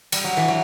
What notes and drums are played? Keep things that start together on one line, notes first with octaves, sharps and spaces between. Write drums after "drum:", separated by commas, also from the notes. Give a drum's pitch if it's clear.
G3, drum: cymbal
F#3
E3
F#3